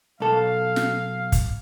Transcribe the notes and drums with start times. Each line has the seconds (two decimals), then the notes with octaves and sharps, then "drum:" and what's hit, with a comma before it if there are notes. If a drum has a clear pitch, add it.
0.20 B1 A4 F5
0.76 drum: snare
1.32 drum: kick, hi-hat